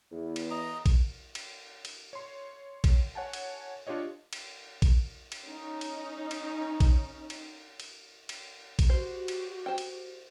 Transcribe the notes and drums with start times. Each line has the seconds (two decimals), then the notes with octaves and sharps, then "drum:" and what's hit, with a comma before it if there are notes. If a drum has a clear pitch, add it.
0.11 E2
0.36 drum: cymbal
0.51 D#5 A#5
0.86 drum: kick A#1, cymbal
1.35 drum: cymbal
1.85 drum: cymbal
2.13 C#5 C6
2.84 drum: kick A#1, cymbal
3.15 C#5 F#5 G#5 A5
3.33 drum: cymbal
3.87 D4 F4 G4 C#5 D#5
4.33 drum: cymbal
4.82 drum: kick A#1, cymbal
5.32 drum: cymbal
5.47 C#4 D#4
5.81 drum: cymbal
6.31 drum: cymbal
6.80 drum: kick A#1, cymbal
7.30 drum: cymbal
7.80 drum: cymbal
8.29 drum: cymbal
8.79 drum: kick A#1, cymbal
8.90 F#4 G4 C5
9.28 drum: cymbal
9.66 C5 G5
9.78 drum: cymbal